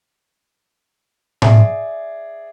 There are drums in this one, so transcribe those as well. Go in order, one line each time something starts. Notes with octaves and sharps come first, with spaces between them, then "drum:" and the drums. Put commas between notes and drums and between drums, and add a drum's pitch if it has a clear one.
G#4 D5 E5, drum: tom A2